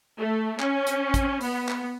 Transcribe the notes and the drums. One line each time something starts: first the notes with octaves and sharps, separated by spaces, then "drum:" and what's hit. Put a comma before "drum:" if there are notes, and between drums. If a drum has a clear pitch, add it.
A3
C#4, drum: clap
drum: hi-hat
drum: kick A1, hi-hat
B3, drum: open hi-hat
drum: clap